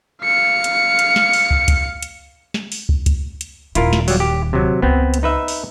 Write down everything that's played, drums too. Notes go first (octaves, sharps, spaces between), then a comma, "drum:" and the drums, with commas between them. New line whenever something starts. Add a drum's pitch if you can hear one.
F5 C#7
drum: hi-hat
drum: hi-hat
drum: snare
drum: open hi-hat
drum: kick
drum: kick, hi-hat
drum: hi-hat
drum: snare
drum: open hi-hat
drum: kick
drum: kick, hi-hat
drum: hi-hat
D#1 D#3 E4 F4 A#4, drum: hi-hat
drum: snare
F#3 G3, drum: open hi-hat
G4
C3 F#3
C#2 B3 C4
drum: hi-hat
D#4 B4 E5
drum: open hi-hat